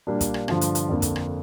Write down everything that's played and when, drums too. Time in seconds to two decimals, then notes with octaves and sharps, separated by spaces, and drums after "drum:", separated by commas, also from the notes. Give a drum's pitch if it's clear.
0.07 A#2 G3 A#3 D4
0.21 drum: kick, hi-hat
0.34 drum: rim click
0.48 G2 D3 F3, drum: rim click
0.61 drum: hi-hat
0.75 drum: hi-hat
0.89 F2 D3 A#3
1.02 drum: kick, hi-hat
1.16 drum: rim click